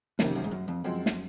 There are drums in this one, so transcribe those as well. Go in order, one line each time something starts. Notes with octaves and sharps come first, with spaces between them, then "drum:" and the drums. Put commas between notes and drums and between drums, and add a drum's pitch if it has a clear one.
F2 C3 D#3 A#3 C#4, drum: snare
F#2
G#2
F#2
F2
F#2 F3 G#3 C4
drum: snare